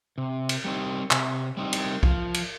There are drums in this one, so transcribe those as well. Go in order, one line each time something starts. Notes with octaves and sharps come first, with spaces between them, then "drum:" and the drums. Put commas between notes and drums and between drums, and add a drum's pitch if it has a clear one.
C3
drum: cymbal
G3 C4 D#4
C3, drum: clap
G3 C4 D#4
drum: cymbal
F3, drum: kick B1
drum: cymbal